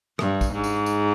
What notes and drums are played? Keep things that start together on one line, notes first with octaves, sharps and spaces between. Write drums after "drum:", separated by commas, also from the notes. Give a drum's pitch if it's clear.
G2, drum: rim click
drum: kick, tambourine
G#2
drum: tambourine
drum: tambourine